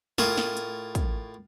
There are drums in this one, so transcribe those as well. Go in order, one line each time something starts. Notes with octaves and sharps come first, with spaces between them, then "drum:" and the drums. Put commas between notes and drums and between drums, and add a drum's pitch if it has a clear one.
A2 F4 A#4 G#5 C#6 D#6, drum: snare
drum: snare
drum: hi-hat
drum: kick, hi-hat